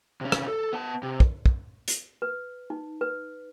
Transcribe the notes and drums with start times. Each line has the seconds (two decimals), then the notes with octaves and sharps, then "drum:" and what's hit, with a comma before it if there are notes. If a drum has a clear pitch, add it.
0.21 C3 C#4
0.32 drum: rim click
0.48 A4
0.73 B3 A5
1.03 C3
1.20 drum: kick
1.46 drum: kick
1.88 drum: hi-hat
2.22 B4
2.70 D#4
3.01 B4